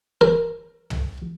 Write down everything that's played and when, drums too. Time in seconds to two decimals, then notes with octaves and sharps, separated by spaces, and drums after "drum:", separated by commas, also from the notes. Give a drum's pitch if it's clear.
0.21 A#4
0.90 drum: tom